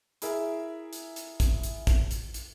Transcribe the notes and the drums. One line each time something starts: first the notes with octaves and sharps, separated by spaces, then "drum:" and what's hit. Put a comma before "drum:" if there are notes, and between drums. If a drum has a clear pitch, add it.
E4 G#4 A#4 E5, drum: hi-hat
drum: hi-hat
drum: hi-hat
drum: kick, hi-hat
drum: hi-hat
drum: kick, hi-hat
drum: hi-hat
drum: hi-hat